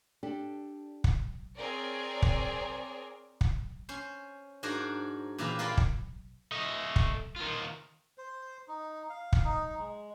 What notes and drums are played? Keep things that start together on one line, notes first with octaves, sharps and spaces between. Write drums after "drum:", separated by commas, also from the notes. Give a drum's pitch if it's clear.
D4 G4 A4
drum: kick
C4 G#4 A#4 C#5 D5
drum: kick
drum: kick
C#4 C5
G#2 D4 F#4 A#4 C5 C#5
A#2 C#3 E3 G4 A#4 B4
E4 F4 G4 A#4 C5 D5
drum: kick
A3 D#5
drum: kick
D#3 F4
C5
D#4
F5
drum: kick
D#4
G#3